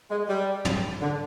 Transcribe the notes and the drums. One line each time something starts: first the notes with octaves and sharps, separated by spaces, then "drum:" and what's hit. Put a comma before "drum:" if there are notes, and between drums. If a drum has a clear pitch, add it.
G#3
G3
drum: tom
D3